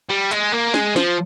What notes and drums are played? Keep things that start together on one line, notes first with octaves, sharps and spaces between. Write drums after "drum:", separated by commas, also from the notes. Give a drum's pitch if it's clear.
G3
G#3, drum: hi-hat
A#3
G#3, drum: snare
F3, drum: snare